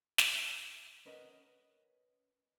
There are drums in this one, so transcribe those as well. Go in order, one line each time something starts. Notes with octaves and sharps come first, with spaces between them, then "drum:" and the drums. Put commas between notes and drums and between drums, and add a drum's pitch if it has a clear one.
drum: snare
C#4 A#4 B4 D#5 F#5